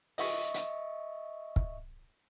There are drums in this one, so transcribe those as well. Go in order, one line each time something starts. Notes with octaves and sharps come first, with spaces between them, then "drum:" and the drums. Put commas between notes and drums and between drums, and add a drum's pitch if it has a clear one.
D#5 E5 C#6, drum: open hi-hat
drum: hi-hat
drum: kick